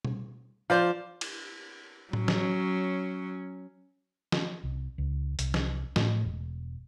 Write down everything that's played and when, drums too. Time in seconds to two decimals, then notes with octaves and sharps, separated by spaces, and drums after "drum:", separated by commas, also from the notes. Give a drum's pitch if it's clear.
0.05 drum: tom
0.70 F3 C5 D5 F5
1.21 drum: cymbal
2.13 F#3 C#4, drum: tom A2
2.28 drum: snare
4.32 drum: snare
4.63 C2
4.98 C#2
5.39 C2, drum: hi-hat
5.54 drum: snare
5.96 A2, drum: snare
6.25 E1